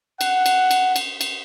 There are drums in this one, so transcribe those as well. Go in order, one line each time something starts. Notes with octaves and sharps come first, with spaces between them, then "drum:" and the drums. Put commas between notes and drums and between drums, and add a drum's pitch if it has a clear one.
F#5, drum: cymbal
drum: cymbal
drum: cymbal
drum: cymbal
drum: cymbal